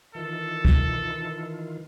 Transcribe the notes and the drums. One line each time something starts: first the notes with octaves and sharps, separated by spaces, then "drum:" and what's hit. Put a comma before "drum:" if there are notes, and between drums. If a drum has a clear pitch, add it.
D#3 E3 F4 A4
drum: kick